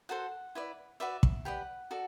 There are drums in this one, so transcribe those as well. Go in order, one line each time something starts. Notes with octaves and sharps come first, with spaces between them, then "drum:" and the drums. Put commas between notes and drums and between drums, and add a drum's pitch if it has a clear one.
F#4 A4 C5 F#5
E4 B4 D5
F#4 B4 D5 E5
drum: kick
G4 B4 D5 F#5
F#4 A4 D5